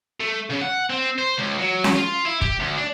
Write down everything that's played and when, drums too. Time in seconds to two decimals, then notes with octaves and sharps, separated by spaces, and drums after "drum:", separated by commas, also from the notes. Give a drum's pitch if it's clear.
0.20 A3
0.50 C#3
0.61 F#5
0.90 C4
1.19 C5
1.38 C#2
1.59 F#3
1.84 drum: snare C#4
1.97 F4
2.26 E4
2.41 G4, drum: kick
2.60 D2
2.77 D4